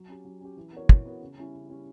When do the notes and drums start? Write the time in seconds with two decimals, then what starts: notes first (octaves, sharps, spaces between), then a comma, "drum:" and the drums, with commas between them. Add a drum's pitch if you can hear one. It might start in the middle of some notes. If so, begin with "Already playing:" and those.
Already playing: F#3
0.08 C#4 G4
0.25 F#3
0.41 C#4 G4
0.57 E3
0.73 B3 F#4 A#4 C#5
0.89 E3, drum: kick
1.05 B3 F#4 A#4 C#5
1.21 C#3
1.38 G3 C#4 E4
1.54 C#3
1.69 G3 C#4 E4